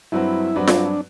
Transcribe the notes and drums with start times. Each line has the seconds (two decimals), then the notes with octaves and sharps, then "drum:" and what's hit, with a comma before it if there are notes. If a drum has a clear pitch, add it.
0.12 G2 F#3 C4 E4 F#4 B4
0.55 G2 F#3 C4 D4 F#4 B4
0.67 drum: snare F4